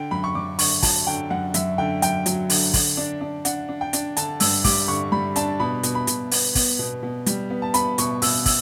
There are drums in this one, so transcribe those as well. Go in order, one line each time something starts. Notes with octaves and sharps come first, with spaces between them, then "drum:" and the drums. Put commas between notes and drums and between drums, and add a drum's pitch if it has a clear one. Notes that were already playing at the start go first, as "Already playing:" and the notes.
Already playing: D3 G5
F#2 B5
C#6
F#2 D6
D3 C#6, drum: open hi-hat
F#3 A5, drum: kick, open hi-hat
D3 G5
F#2 F#5
F#2 E5, drum: hi-hat
D3 G5
F#2 G5, drum: hi-hat
F#3, drum: hi-hat
D3, drum: open hi-hat
D3, drum: kick, open hi-hat
D4
D4
D4 F#5, drum: hi-hat
D4
G5
D4, drum: hi-hat
D3 A5, drum: hi-hat
G2 E6, drum: open hi-hat
G3 D6, drum: kick, open hi-hat
D3 C#6
G3 B5
D4 A5, drum: hi-hat
B2 B5
B2, drum: hi-hat
B5
B2, drum: hi-hat
B3, drum: open hi-hat
B3, drum: kick, open hi-hat
B2
B2
G3, drum: hi-hat
B3
A5
B3 B5, drum: hi-hat
B2 C#6, drum: hi-hat
B2 E6, drum: open hi-hat
E6, drum: kick, open hi-hat